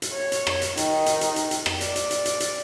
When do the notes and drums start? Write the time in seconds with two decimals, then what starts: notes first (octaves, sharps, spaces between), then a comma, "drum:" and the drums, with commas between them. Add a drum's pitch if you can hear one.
0.02 drum: hi-hat
0.13 C#5
0.32 drum: hi-hat
0.47 drum: rim click
0.62 drum: hi-hat
0.77 D#3, drum: hi-hat
1.06 drum: hi-hat
1.21 drum: hi-hat
1.36 drum: hi-hat
1.51 drum: hi-hat
1.66 drum: rim click
1.81 D5, drum: hi-hat
1.96 drum: hi-hat
2.11 drum: hi-hat
2.25 drum: hi-hat
2.40 drum: hi-hat